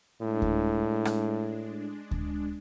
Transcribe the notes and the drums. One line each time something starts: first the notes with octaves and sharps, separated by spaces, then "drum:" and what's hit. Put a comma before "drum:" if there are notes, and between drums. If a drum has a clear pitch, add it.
A2 G#3 D4
drum: kick D2
drum: rim click
drum: kick D2